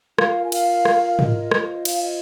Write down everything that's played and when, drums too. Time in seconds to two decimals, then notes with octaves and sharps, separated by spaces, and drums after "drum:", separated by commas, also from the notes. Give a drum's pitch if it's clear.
0.18 F4 A#4 F5, drum: rim click
0.45 G#5
0.52 F5, drum: cymbal
0.85 drum: rim click
1.19 D#5, drum: tom
1.51 F4 C5, drum: rim click
1.85 F5, drum: cymbal
2.02 D#5